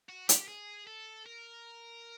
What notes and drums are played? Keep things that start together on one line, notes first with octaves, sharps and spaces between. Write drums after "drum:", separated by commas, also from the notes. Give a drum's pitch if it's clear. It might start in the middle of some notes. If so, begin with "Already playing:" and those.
F#4
G4, drum: hi-hat
G#4
A4
A#4